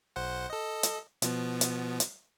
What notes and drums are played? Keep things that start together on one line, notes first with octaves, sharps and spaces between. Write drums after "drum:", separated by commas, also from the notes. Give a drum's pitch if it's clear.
B1 C5 F#5
A4 D#5
drum: hi-hat
B2 F3 B3, drum: hi-hat
drum: hi-hat
drum: hi-hat